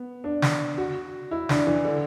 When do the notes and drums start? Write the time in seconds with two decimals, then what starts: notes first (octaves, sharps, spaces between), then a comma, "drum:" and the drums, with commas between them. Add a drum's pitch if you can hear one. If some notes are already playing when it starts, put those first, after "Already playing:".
Already playing: B3
0.24 D4
0.42 drum: snare
0.78 F#4
1.31 E4
1.49 D4, drum: snare
1.67 E3
1.85 D3